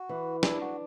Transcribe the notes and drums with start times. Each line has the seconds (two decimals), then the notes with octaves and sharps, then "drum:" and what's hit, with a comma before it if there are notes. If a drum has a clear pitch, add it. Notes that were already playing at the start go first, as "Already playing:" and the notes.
Already playing: F#4
0.09 E3
0.43 D4 E4, drum: snare
0.61 F#4